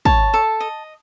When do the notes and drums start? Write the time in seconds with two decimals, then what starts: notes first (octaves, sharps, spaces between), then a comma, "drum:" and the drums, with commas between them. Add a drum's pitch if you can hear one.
0.05 C#5 A5, drum: kick
0.34 A4
0.60 D#5